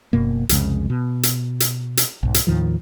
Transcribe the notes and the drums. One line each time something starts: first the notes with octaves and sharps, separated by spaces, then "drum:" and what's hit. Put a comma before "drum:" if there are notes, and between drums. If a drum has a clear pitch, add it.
F#1 F#2 B2 A#3
C2 F2 C#3 G#3, drum: hi-hat
B2
drum: hi-hat
drum: hi-hat
drum: hi-hat
B1 G#2
drum: hi-hat
D#2 A2 D#3 F3